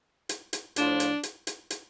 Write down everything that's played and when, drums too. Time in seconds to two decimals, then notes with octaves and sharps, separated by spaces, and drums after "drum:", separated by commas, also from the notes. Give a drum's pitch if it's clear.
0.29 drum: hi-hat
0.53 drum: hi-hat
0.76 A2 F3 D4, drum: hi-hat
1.00 drum: hi-hat
1.23 drum: hi-hat
1.47 drum: hi-hat
1.70 drum: hi-hat